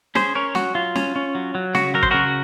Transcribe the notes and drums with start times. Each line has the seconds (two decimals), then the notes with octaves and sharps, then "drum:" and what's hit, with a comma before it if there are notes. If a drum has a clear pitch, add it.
0.15 C#4 G#4 C5, drum: snare
0.35 C#4 A#4 C#5
0.55 F#3 F#4, drum: snare
0.75 F#3 F4
0.96 C#4, drum: snare
1.16 C#4
1.35 F#3
1.55 F#3
1.75 C#3 F#4, drum: snare
1.94 F#3 A#4
2.03 C5, drum: kick
2.11 C#3 F#4 A#4